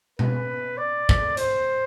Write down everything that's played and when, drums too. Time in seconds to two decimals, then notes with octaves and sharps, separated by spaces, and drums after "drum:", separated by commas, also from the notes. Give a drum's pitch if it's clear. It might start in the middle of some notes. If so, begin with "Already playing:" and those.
0.19 B4, drum: tom B2
0.78 D5
1.09 drum: kick
1.37 C5, drum: hi-hat